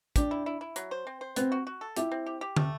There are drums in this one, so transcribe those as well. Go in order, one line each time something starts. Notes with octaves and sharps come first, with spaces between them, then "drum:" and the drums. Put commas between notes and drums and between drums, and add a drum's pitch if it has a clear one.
D4 G4, drum: kick, hi-hat
E4
E4
E4
F#3, drum: hi-hat
C5
C4
C5
B3 C4, drum: hi-hat
F#4
F#4
A4
E4 G4, drum: hi-hat
C4
G4
G4
A3, drum: tom